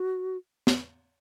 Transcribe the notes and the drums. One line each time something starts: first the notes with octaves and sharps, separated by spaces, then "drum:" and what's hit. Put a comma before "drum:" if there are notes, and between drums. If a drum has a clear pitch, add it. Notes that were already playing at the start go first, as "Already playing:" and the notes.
Already playing: F#4
drum: snare